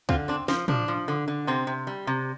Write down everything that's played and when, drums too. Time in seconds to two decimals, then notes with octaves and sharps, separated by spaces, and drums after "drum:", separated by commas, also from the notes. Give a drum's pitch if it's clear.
0.09 D3 C4 F4, drum: kick
0.28 C4 D4
0.48 F3 C4, drum: snare
0.68 F3 D4, drum: tom
0.88 F3
1.08 D3
1.28 D3
1.47 C3 C4
1.67 C3
1.87 G3
2.07 C3